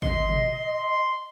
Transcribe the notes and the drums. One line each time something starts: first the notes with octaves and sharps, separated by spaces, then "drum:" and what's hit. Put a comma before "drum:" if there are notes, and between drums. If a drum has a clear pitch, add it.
D#5 C6, drum: kick
drum: tom